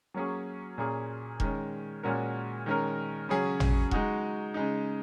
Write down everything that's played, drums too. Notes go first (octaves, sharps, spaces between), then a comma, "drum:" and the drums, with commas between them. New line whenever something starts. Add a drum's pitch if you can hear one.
F#3 A#3 C#4 G#4
A#2 A#3 C#4 G#4
D#3 G#3 C#4, drum: kick E1
A#2 G#3 C#4 F#4 A#4
D#3 G#3 C#4 A#4
C#3 F#3 C#4 G#4
drum: tom
G#3 D#4 F#4, drum: kick E1
C#3 G#3 D#4